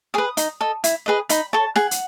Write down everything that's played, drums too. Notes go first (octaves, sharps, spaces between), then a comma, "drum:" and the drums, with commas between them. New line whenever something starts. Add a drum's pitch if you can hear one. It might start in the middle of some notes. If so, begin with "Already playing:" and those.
G#4 B4 D#6
D#4, drum: hi-hat
A4 D#5
E4, drum: hi-hat
G#4 B4 D#5
D#4 B5, drum: hi-hat
A4 C#5 A5
G#4 F#5, drum: snare
drum: hi-hat